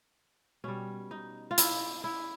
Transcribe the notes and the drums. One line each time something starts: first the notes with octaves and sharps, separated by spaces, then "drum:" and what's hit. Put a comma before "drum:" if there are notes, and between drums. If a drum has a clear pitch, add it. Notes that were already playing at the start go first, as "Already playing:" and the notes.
B2 G3 C#4
D#4
F4
E4, drum: hi-hat
E4